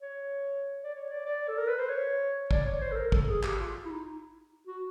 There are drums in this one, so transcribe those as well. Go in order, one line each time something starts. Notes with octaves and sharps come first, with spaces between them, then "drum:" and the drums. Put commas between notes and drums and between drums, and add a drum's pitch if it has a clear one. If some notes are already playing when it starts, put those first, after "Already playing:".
C#5
D5
C#5
D5
D5
A4
A#4
B4
C5
C#5
D5, drum: kick
C#5
C5
A4
A#4
A4, drum: kick
G#4
G4, drum: clap
F4
E4
D#4
F#4